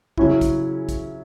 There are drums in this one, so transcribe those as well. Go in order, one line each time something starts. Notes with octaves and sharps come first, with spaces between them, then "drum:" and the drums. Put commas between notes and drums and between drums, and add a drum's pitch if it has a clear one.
C#3 F#3 C#4 E4, drum: kick
drum: kick, hi-hat
drum: kick, hi-hat